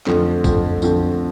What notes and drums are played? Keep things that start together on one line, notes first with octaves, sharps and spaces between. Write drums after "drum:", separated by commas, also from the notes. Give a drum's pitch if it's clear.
F2 D3 F3 A3 C4, drum: clap
F2 D3 F3 A3 C4, drum: kick A1, tambourine
F2 D3 F3 A3 C4, drum: tambourine